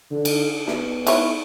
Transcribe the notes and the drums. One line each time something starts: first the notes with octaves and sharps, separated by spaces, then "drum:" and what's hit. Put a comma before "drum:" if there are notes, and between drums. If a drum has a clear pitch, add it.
D3
drum: cymbal
B3, drum: snare
E4 C#5, drum: cymbal